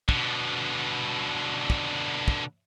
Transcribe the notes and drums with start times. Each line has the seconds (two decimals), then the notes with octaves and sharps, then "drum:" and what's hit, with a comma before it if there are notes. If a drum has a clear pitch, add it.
0.09 B2 D3, drum: kick
1.70 drum: kick
2.28 drum: kick